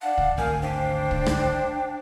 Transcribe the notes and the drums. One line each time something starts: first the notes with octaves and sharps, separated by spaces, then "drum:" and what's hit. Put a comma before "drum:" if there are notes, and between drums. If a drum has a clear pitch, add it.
D4 F5 F#5 A5
drum: kick
G#1 D2 A#4 F5 G#5 G6
D4 C5 F5 G5
drum: kick
drum: rim click